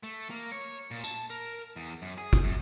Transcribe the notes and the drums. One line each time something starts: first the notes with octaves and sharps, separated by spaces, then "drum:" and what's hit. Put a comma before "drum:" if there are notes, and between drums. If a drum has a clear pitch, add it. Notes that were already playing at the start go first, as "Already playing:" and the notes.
A3
A#3
C#5
A#2
A5, drum: tambourine
A#4
E2
F#2
G#4
drum: kick
F#2